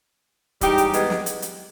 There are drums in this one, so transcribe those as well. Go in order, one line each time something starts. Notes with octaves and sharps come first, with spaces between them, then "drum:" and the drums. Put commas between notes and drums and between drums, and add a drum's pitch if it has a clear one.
G#2 E3 G3 D#4 G4, drum: kick, hi-hat
drum: hi-hat
G#3 B3, drum: hi-hat
drum: snare
drum: hi-hat
drum: hi-hat